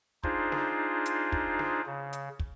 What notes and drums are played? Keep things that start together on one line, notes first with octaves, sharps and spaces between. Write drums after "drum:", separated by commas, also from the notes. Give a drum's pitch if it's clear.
D4 D#4 F4 G#4 C5, drum: kick
drum: snare
drum: hi-hat
drum: kick
drum: snare
C#3
drum: hi-hat
drum: kick